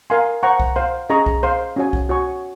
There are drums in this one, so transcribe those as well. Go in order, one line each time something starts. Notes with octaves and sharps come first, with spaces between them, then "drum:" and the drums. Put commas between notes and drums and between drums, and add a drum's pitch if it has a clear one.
A#4 F5 G#5 C6
C5 F#5 A#5 C#6
drum: kick C2
C5 F5 C6
C#4 G#4 D#5 A#5 C#6
drum: kick C2
C5 F5 C6
C#4 F#4 C#5 G#5
drum: kick C2
F#4 C#5 G#5 C#6